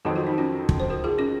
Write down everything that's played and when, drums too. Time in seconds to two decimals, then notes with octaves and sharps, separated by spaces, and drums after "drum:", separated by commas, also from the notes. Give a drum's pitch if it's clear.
0.05 F2 D#3 F#3 C4 F#4
0.16 F4
0.27 D#4
0.38 C#4 F4
0.69 drum: kick
0.80 C5
0.90 F#4 A#4
1.04 F4 G#4
1.18 C#4 F4